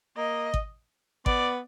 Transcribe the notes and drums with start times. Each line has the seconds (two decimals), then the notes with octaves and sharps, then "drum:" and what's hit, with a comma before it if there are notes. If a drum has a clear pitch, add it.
0.17 A#3 D#5
0.54 drum: kick
1.26 B3 D5, drum: kick